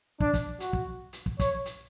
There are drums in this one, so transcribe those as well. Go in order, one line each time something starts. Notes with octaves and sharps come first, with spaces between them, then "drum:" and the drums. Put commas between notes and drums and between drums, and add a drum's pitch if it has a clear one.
D4, drum: kick
drum: kick, hi-hat
F#4, drum: hi-hat
drum: kick
drum: hi-hat
drum: kick
C#5, drum: kick, hi-hat
drum: hi-hat